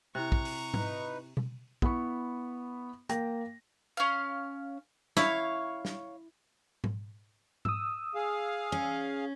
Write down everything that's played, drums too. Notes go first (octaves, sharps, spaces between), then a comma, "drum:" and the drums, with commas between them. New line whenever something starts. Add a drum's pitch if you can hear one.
C3 E4 A#5 C#6 F#6
drum: kick
drum: open hi-hat
D#4 B4, drum: tom G#2
drum: tom B2
B3 E4 B5 C#6, drum: kick
A#3 G5 A#6, drum: hi-hat
C#4 F5
E4 C#5 F5, drum: snare
drum: snare
drum: tom G#2
D#6 E6, drum: tom G#2
G#4 F5
C#4